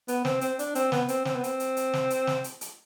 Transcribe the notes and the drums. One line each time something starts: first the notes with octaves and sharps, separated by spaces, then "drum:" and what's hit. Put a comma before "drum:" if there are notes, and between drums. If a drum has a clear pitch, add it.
B3, drum: hi-hat
C4, drum: snare
C4, drum: hi-hat
D4, drum: hi-hat
C4, drum: hi-hat
B3, drum: snare
C4, drum: hi-hat
C4, drum: snare
B3
C4, drum: hi-hat
drum: hi-hat
drum: hi-hat
drum: snare
drum: hi-hat
drum: snare
drum: hi-hat
drum: hi-hat